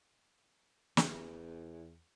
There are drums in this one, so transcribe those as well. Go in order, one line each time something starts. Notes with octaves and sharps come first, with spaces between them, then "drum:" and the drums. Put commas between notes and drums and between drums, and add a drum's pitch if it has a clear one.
E2, drum: snare